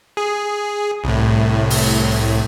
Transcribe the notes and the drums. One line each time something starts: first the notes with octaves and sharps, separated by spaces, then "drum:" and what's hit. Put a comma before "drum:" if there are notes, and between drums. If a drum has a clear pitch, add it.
G#4
C2 A2
drum: open hi-hat